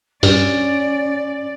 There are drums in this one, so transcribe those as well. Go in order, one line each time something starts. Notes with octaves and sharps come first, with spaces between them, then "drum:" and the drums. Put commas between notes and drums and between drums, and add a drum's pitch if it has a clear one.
G2 C#4 D5, drum: open hi-hat